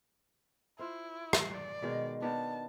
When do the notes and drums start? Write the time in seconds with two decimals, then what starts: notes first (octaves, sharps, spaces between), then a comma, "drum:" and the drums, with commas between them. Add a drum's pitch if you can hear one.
0.79 E4 F4 C5
1.33 drum: rim click
1.52 D5
1.82 B2 D#3 G#3
2.22 D#3 B3 D4 A5